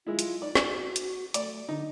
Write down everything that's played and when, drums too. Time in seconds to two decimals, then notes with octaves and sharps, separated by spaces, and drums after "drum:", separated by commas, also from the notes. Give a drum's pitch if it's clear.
0.07 G#3 E4 F4
0.19 drum: hi-hat
0.42 D#4 D5
0.55 F#4 D5, drum: snare
0.96 drum: hi-hat
1.34 A3 D5, drum: hi-hat
1.69 D3 D#4